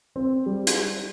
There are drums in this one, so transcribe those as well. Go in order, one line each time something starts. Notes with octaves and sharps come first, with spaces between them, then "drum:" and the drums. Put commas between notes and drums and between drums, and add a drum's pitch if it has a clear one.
C4
G3
drum: hi-hat